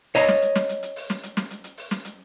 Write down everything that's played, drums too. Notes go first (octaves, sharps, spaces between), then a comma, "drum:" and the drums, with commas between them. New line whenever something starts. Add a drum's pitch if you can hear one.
C#5 D#5 A#5, drum: open hi-hat
drum: snare
drum: hi-hat
drum: snare
drum: hi-hat
drum: hi-hat
drum: open hi-hat
drum: snare
drum: hi-hat
drum: snare
drum: hi-hat
drum: hi-hat
drum: open hi-hat
drum: snare
drum: hi-hat